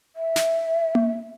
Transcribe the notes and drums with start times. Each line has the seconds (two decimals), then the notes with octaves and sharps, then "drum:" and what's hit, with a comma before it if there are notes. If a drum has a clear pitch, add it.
0.16 E5
0.36 drum: snare
0.95 drum: tom A#3